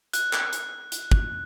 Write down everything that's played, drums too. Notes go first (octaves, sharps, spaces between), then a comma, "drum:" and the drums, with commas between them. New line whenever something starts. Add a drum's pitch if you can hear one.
F#6, drum: hi-hat
drum: clap
drum: hi-hat
drum: hi-hat
drum: kick